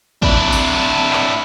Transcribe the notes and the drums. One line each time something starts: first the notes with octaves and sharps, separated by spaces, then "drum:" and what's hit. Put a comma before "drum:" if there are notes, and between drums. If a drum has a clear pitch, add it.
D4 E4, drum: kick
drum: tambourine
drum: clap